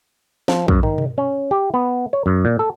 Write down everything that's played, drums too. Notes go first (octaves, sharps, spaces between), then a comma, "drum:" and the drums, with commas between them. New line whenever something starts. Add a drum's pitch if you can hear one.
F3, drum: snare
F#2, drum: kick
D#3, drum: tom
drum: tom B2
C#4
G4
B3
C#5
F#2
A#2
A4